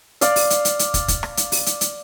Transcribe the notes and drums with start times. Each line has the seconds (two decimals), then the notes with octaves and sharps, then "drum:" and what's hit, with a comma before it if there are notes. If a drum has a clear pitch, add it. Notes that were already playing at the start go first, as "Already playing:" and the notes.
0.21 D5 F5, drum: hi-hat
0.36 drum: open hi-hat
0.50 drum: hi-hat
0.65 drum: hi-hat
0.79 drum: hi-hat
0.94 drum: kick, hi-hat
1.08 drum: kick, hi-hat
1.23 drum: rim click
1.37 drum: hi-hat
1.52 drum: open hi-hat
1.66 drum: hi-hat
1.81 drum: hi-hat